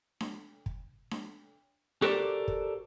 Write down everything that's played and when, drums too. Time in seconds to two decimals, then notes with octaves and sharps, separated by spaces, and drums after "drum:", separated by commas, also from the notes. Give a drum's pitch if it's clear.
0.20 drum: snare D4
0.66 drum: kick
1.11 drum: snare D4
2.02 F#4 G4 A4 A#4 C5 D5, drum: snare D4
2.48 drum: kick